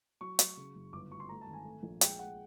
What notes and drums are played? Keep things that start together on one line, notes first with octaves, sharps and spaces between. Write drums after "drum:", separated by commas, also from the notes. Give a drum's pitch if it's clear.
F#3 C#6
F#3, drum: hi-hat
C#3
F#1
G1 D6
F#3 C#6
C6
A3 A#5
A5
G#1
G#5
A3
A#1
G#3 G5, drum: hi-hat
G#3 F#5